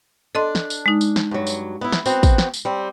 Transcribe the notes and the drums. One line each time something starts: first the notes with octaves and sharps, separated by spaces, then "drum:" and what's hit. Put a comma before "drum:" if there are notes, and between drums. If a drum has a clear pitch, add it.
D4 A4 D#5 C6
drum: snare
drum: tambourine
G#3 D#4
drum: tambourine
drum: snare
G2 F#3
drum: tambourine
B3 E4
drum: snare
B3 C4 F#4, drum: tambourine
drum: kick, tambourine
drum: snare
drum: tambourine
G3 C4